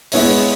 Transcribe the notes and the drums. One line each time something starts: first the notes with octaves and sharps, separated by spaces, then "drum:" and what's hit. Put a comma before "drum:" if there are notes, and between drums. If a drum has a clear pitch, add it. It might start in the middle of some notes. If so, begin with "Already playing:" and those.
G#3 B3 E4 C#5 E5, drum: open hi-hat